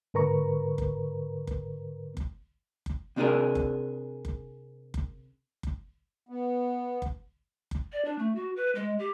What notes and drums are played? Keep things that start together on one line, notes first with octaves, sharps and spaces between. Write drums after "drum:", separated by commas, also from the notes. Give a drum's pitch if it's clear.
G#2 D3 A#4 B4 A#5 C#6
drum: kick F#1
drum: kick F#1
drum: kick F#1
drum: kick F#1
C3 C4 D4 F#4 G#4 A#4
drum: kick F#1
drum: kick F#1
drum: kick F#1
drum: kick F#1
B3
drum: kick F#1
drum: kick F#1
D5
D4
A3
F#4
B4
G#3
G4